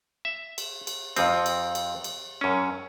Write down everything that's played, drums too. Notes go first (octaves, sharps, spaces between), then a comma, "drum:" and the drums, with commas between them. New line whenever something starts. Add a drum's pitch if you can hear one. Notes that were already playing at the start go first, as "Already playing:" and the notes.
E5
drum: cymbal
drum: cymbal
F2 F3 C4, drum: cymbal
drum: cymbal
drum: cymbal
drum: cymbal
F#2 C#4